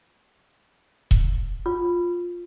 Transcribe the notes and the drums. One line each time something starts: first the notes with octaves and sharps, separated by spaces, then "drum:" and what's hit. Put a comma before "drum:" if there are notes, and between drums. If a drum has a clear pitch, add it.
drum: kick E1
F4